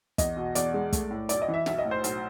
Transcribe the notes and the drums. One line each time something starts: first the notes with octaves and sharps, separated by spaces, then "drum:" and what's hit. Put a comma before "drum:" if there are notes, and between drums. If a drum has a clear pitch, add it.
E2 D#5, drum: kick, hi-hat
B2
E2 D5, drum: hi-hat
G#3
A3, drum: kick, hi-hat
A2
B1 D5, drum: hi-hat
D#5
E3
E5
B1 E5, drum: snare
D#5
A2
C5
B1, drum: hi-hat